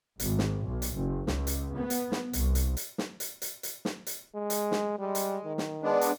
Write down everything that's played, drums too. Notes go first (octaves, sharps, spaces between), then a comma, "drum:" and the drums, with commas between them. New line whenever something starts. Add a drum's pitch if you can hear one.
G#1, drum: hi-hat
drum: snare
B1
drum: hi-hat
F#1
C#2, drum: snare
drum: hi-hat
B3
drum: hi-hat
drum: snare
C2, drum: hi-hat
drum: hi-hat
drum: hi-hat
drum: snare
drum: hi-hat
drum: hi-hat
drum: hi-hat
drum: snare
drum: hi-hat
G#3
drum: hi-hat
drum: snare
G3 G#3
drum: hi-hat
D#3
drum: snare
G#3 B3 D4
drum: hi-hat